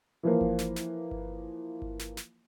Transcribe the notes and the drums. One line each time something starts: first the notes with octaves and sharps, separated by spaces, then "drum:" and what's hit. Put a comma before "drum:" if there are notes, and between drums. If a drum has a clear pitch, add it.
E3 F3 A#3
drum: kick G1
drum: snare
drum: snare
drum: kick G1
drum: kick G1
drum: snare
drum: snare